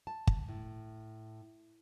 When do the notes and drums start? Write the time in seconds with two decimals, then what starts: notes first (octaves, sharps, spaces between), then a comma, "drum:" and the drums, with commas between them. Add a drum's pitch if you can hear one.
0.07 A5
0.27 drum: kick
0.49 A2